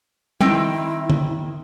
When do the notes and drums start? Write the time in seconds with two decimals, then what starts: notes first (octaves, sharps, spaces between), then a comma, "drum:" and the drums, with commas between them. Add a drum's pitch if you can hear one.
0.41 D#3 C4 E4 G5, drum: tom G3
1.10 drum: tom D3